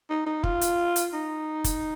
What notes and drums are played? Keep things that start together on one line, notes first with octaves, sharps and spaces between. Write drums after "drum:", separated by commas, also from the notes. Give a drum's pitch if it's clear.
D#4
D#4
F4, drum: kick
drum: hi-hat
drum: hi-hat
D#4
drum: kick, hi-hat